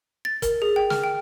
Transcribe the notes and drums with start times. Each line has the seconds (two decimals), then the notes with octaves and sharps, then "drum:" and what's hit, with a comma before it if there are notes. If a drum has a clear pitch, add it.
0.25 A6
0.42 A#4, drum: kick G1, hi-hat
0.62 G#4
0.76 G5
0.90 F6, drum: snare
1.04 G5